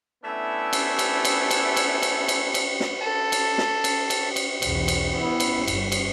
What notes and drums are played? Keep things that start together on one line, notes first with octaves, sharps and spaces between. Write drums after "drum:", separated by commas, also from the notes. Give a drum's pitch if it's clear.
A3 B3 C#4 D4 E4
drum: cymbal
drum: cymbal
drum: cymbal
drum: cymbal
drum: cymbal
drum: cymbal
drum: cymbal
drum: cymbal
drum: snare
A4
drum: cymbal
drum: snare
drum: cymbal
drum: cymbal
drum: cymbal
B1 E2, drum: cymbal
drum: cymbal
B3 E4
drum: cymbal
G1, drum: cymbal
drum: cymbal